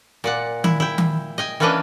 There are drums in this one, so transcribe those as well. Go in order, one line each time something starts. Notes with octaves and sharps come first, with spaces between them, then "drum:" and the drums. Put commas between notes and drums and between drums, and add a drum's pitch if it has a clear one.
A#2 D5 F#5
E4, drum: tom D#3
E4 G5
drum: tom D#3
D#5 G5 G#5
E3 A#3 C#4 D4 B4 D#5